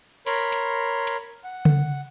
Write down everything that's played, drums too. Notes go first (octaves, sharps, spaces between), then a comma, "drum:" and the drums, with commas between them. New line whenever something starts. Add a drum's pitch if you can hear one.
A#4 C#5 B5 C6, drum: open hi-hat
drum: hi-hat
drum: hi-hat
F#5
drum: tom C#3